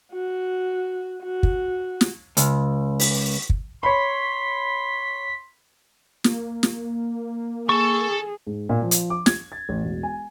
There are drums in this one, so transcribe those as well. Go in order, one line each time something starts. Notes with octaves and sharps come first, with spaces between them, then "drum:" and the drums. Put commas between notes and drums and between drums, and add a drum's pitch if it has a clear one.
F#4
F#4
drum: kick
drum: snare
C#2, drum: hi-hat
drum: open hi-hat
drum: kick
C#5 B5 C6 B6
A#3, drum: snare
drum: snare
G#4 A4 A5 C#6
G#2
A#2
F3
drum: hi-hat
D6
G#6, drum: snare
A6
A1
E1
G#5